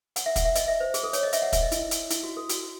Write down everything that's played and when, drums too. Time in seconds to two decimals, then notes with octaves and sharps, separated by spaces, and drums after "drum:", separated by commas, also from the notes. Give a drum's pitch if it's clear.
0.16 F#5, drum: hi-hat
0.26 E5
0.36 F#5, drum: kick, hi-hat
0.45 E5
0.55 D#5, drum: hi-hat
0.68 E5
0.80 C5
0.94 G#4, drum: hi-hat
1.03 A4
1.13 C#5, drum: hi-hat
1.23 D#5
1.33 E5, drum: hi-hat
1.42 F#5
1.52 E5, drum: kick, hi-hat
1.62 D#5
1.72 E4, drum: hi-hat
1.91 drum: hi-hat
2.10 E4, drum: hi-hat
2.23 F#4
2.37 A4
2.49 F#4, drum: hi-hat